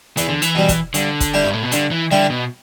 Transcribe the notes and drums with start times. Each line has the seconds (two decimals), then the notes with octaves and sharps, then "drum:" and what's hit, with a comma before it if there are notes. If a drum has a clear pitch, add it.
0.17 E2 E3, drum: hi-hat
0.29 D3
0.42 E3, drum: hi-hat
0.55 B2 G3
0.69 drum: kick, hi-hat
0.94 G2 D3, drum: hi-hat
1.20 drum: kick, hi-hat
1.34 G3 E4 G4
1.44 G2
1.53 A2
1.63 B2
1.72 G2 D3, drum: hi-hat
1.91 E3
2.11 D3 G3 E4 G4
2.30 B2